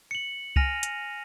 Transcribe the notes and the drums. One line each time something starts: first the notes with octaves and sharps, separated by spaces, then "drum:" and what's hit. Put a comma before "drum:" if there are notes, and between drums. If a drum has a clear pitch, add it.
C#7 F#7
G#5 F6 A#6 D#7 F7, drum: kick C2
drum: hi-hat